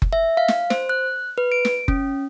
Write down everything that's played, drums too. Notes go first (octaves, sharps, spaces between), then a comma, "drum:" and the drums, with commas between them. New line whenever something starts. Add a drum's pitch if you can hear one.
drum: kick F#1
E5
F5
drum: snare
C5, drum: snare
F#6
B4
D7
drum: snare
C#4, drum: kick F#1